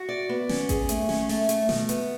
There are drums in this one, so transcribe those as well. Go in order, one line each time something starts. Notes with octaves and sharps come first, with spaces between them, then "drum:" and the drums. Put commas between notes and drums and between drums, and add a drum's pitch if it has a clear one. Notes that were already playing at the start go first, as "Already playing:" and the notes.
Already playing: F#4
D5
B3
C#4, drum: snare
G#4, drum: kick A1, hi-hat
A3, drum: hi-hat
C#4, drum: snare
A3, drum: open hi-hat
A3, drum: hi-hat
B2, drum: snare
B3, drum: hi-hat